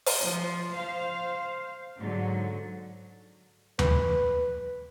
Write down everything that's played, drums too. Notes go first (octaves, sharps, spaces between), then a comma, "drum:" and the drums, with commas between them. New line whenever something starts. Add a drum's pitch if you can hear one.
drum: open hi-hat
F3
C5 F5
G#2 D3 F#3
B4, drum: tom D#2